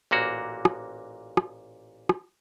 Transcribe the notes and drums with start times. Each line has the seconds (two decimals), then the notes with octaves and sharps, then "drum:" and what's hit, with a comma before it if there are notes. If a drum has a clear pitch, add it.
0.11 A1 A#2 A#3 F#4
0.65 drum: rim click
1.37 drum: rim click
2.09 drum: rim click